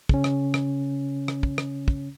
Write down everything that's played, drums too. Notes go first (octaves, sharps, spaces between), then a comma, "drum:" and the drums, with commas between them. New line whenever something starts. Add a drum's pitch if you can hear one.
C#3 C#4, drum: kick
drum: rim click
drum: rim click
drum: rim click
drum: kick
drum: rim click
drum: kick